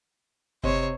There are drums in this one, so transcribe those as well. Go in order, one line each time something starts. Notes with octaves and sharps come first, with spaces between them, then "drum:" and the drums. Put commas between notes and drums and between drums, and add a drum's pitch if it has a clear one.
C3 C5 C#5 D#5 C6, drum: kick F#1